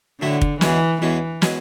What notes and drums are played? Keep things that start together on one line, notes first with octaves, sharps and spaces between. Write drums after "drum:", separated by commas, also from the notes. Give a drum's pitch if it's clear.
A2 D3 F#3 A3 E4
drum: kick
E2 B2 E3 G#3 C#4, drum: snare
E2 B2 E3 G#3 C#4
B2 G#3 C#4, drum: snare